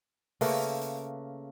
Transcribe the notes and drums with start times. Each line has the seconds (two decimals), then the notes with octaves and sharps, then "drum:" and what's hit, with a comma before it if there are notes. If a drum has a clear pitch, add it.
0.41 C#3 A3 A#3 B4, drum: open hi-hat
0.81 drum: hi-hat